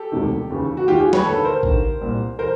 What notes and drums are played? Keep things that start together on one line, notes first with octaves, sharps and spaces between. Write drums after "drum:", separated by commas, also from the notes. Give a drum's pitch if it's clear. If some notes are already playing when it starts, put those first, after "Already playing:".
Already playing: G4 A4
E1 D2 C3 D#3
D#2 C#3 E3
F#4
D#2 D#3 F4 G4
F#4 G#4
B4 C#5, drum: snare G3
D#2 D3 A4 B4
A#4 C5
D#2 D3, drum: kick
C2 A#2
E3 A#4 C5